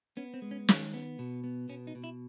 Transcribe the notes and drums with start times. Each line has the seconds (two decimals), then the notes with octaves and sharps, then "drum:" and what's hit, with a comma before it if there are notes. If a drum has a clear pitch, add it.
0.17 B3 C#4
0.34 C4
0.42 G#3
0.51 C#4
0.69 D#3, drum: snare
0.94 B3
1.19 B2
1.44 B3
1.69 B2 C#4
1.87 D#4
1.95 B2
2.04 E4